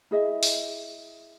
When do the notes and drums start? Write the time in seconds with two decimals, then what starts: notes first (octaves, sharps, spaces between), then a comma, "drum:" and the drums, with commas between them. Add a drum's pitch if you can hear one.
0.11 E4 G#4 D#5 E5
0.43 drum: open hi-hat